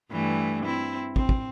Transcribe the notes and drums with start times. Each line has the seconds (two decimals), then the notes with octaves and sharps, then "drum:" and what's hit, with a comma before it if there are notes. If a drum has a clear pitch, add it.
0.10 G2 E3 A3
0.65 C4 E4
1.16 C4, drum: kick
1.29 drum: kick